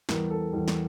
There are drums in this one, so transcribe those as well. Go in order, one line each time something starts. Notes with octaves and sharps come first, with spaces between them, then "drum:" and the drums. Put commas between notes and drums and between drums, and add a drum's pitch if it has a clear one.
E2 E3 G3 A#4, drum: snare
A4
E2 E3 G3
drum: snare